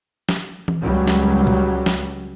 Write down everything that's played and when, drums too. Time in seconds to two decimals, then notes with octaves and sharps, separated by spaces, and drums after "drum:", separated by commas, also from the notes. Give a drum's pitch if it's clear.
0.29 drum: snare
0.68 drum: tom E3
0.81 C#2 F#3 G3
1.07 drum: snare
1.47 drum: tom A#2
1.86 drum: snare